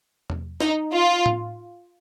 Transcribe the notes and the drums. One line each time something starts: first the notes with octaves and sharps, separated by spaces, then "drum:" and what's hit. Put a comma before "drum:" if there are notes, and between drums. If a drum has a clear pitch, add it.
drum: tom E2
D#4, drum: snare
F4
drum: tom A2